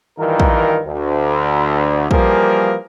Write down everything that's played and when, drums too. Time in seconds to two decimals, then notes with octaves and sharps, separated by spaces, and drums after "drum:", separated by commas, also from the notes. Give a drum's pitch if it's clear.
0.19 G2 D#3 E3 F4 A#4
0.40 drum: kick
0.86 D2
2.11 E3 F3 G3 A#3 G#4 A#4, drum: kick